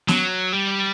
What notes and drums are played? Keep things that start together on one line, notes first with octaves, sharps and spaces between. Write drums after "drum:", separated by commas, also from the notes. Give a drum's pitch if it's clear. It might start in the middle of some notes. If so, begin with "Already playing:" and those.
F#3, drum: snare B3
G3